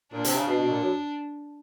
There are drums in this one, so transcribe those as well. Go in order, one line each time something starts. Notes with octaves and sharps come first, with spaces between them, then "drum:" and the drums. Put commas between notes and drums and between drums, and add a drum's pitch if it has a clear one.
A#2 D4
C3, drum: hi-hat
C#3
B2
B2
A#2
F#2